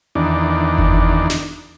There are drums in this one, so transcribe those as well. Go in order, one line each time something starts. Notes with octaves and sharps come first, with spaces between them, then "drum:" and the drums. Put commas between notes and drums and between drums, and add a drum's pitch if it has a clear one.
E2 D#3 D4
drum: kick F#1
drum: snare